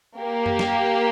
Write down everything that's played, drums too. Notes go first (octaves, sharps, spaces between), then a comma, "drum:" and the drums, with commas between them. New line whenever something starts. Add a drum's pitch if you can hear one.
A#3 G4
drum: tom F#2
drum: snare